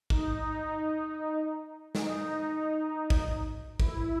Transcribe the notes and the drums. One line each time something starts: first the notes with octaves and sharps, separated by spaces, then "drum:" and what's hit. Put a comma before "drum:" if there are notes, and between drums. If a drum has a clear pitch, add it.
D#4, drum: kick
D#4, drum: snare
drum: kick
E4, drum: kick